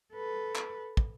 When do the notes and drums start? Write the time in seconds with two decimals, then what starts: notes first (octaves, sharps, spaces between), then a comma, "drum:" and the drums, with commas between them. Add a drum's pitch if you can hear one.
0.14 A4 B4
0.55 drum: clap
0.97 drum: kick